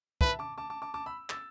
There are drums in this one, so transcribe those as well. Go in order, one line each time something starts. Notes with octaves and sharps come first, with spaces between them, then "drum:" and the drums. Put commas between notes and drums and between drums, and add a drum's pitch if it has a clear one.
B4 E5 A5, drum: kick
A5 D6
A5 D6
A5 D6
A5 D6
A5 D6
B5 E6
E6 A6, drum: clap